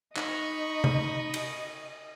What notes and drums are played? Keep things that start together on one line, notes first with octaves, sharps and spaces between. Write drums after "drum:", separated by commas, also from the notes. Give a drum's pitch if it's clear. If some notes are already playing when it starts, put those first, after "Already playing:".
D#4 D#5 B5 C#6, drum: clap
drum: tom C3
drum: cymbal